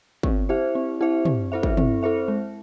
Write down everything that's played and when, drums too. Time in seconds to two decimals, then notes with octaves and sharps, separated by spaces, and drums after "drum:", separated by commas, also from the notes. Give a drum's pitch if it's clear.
0.23 C4, drum: kick G1
0.49 E4 G4 C5 E5
0.75 C4
1.01 E4 G4 C5 E5
1.25 C4, drum: tom
1.52 E4 A4 C5 E5
1.63 drum: kick G1
1.77 C4, drum: tom
2.03 E4 A4 C5 E5
2.28 G#3